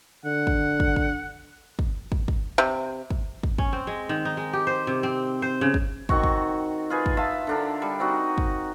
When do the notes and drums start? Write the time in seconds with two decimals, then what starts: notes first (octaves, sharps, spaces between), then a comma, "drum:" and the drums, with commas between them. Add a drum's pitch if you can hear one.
0.25 D3 F#5
0.47 drum: kick
0.80 drum: kick
0.96 drum: kick
1.79 drum: kick
2.12 drum: kick
2.28 drum: kick
2.58 C3
3.10 drum: kick
3.43 drum: kick
3.58 C#4, drum: kick
3.73 C4
3.87 G#3
4.09 D#3
4.25 D#4
4.37 G#3
4.53 G4
4.67 C5
4.87 C3
5.03 C4
5.42 C5
5.61 C#3
5.74 drum: kick
6.09 D#3 C4 F#4 C#6, drum: kick
6.23 drum: kick
6.90 F4 G#4 B4
7.06 drum: kick
7.17 F4 E5 A5
7.47 D3 D4 A#4
7.82 G3
8.00 C4 D#4 F#4
8.38 drum: kick